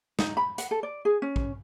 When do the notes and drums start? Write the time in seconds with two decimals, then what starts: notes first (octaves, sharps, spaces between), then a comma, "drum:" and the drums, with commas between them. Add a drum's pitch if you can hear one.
0.19 D#4, drum: snare
0.37 B5
0.58 F#5, drum: hi-hat
0.71 A4
0.83 D5
1.05 G#4
1.22 C#4
1.36 drum: kick